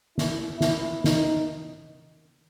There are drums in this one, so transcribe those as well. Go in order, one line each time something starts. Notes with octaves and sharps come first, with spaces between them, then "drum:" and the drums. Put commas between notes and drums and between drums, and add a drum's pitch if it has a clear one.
E4, drum: snare
E4, drum: snare
D#4, drum: snare